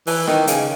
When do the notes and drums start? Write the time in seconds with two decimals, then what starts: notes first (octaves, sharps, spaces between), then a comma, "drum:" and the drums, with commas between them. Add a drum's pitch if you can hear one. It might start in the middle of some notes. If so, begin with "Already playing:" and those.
0.07 E3, drum: open hi-hat
0.27 D#3, drum: rim click
0.47 C#3, drum: hi-hat